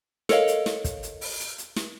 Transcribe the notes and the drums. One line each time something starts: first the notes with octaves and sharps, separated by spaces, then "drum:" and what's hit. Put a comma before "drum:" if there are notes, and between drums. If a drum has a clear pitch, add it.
A4 A#4 C#5 D#5 F5, drum: snare
drum: hi-hat
drum: snare
drum: kick, hi-hat
drum: hi-hat
drum: open hi-hat
drum: hi-hat
drum: hi-hat
drum: snare